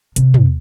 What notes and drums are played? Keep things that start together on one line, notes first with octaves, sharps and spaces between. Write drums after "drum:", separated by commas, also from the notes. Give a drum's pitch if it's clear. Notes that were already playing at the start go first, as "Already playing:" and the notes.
C3, drum: hi-hat
drum: tom